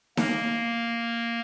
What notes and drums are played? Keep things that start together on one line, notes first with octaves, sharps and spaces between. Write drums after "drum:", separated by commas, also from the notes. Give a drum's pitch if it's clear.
A#3, drum: snare D#4